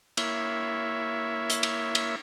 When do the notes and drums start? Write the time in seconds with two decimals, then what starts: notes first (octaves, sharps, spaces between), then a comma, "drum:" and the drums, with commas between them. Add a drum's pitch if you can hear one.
0.17 A#3 E4 C#5 E5, drum: cymbal
1.50 drum: hi-hat
1.63 drum: cymbal
1.95 drum: cymbal